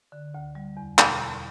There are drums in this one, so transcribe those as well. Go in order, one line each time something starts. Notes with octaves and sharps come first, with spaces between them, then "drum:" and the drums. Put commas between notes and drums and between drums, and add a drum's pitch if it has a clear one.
D3
D2
G3
E2
B2, drum: clap
E2